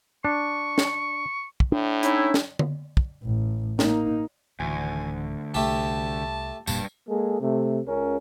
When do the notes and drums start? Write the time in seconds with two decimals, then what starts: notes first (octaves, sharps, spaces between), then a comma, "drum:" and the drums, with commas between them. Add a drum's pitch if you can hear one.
0.25 D4 C#6
0.78 drum: snare
1.60 drum: kick
1.72 A2 D4
2.03 C#4 D#4 E4, drum: hi-hat
2.34 drum: snare
2.59 drum: tom D3
2.97 drum: kick
3.24 A1
3.79 A#3 D#4, drum: snare
4.60 D1 D2 D#3 E3 G#5
5.54 C2 A3 G4 A5
6.67 F1 G2 A#2 A#3 A5, drum: tambourine
7.09 G#3 A#3 G#4 A4
7.40 C3 A3
7.86 C#2 C#3 C#4 A#4